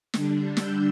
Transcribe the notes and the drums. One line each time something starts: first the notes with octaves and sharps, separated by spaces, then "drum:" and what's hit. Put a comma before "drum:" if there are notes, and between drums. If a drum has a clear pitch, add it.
D3 G3 D4, drum: snare
E6 G6, drum: snare